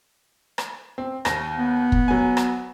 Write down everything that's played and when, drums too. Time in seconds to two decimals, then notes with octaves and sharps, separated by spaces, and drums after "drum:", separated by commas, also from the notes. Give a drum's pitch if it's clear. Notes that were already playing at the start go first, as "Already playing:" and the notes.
0.58 drum: rim click
0.98 C4
1.25 D#2 A#6, drum: rim click
1.58 B3
1.92 drum: kick
2.08 F#3 G#5
2.37 drum: rim click